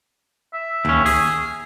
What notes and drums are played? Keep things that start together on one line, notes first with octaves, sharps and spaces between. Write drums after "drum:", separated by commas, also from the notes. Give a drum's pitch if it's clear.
E5
D#2 C#4, drum: tom C#2
G#4, drum: open hi-hat